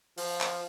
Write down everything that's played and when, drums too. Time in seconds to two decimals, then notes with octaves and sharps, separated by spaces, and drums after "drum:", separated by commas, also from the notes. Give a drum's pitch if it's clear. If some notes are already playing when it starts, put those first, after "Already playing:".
0.18 F3, drum: open hi-hat
0.41 drum: clap